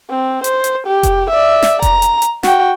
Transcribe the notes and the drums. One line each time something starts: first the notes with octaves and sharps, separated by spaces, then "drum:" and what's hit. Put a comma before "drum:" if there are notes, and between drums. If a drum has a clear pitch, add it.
C4
C5, drum: hi-hat
drum: hi-hat
G4
drum: kick F1, hi-hat
D5 E5
drum: snare
A#5, drum: kick F1, hi-hat
drum: hi-hat
drum: hi-hat
F#4 G5, drum: snare